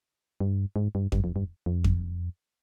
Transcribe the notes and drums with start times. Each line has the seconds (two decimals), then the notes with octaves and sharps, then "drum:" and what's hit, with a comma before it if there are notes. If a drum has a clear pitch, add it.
0.40 G2
0.76 G#2
0.95 G2
1.12 G2, drum: kick F2
1.24 F2
1.36 G2
1.66 F2
1.84 drum: kick F2